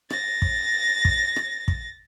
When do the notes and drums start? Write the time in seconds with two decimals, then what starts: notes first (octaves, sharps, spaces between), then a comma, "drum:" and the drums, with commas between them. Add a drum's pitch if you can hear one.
0.10 A6 A#6, drum: rim click
0.42 drum: kick
1.05 drum: kick
1.36 drum: rim click
1.68 drum: kick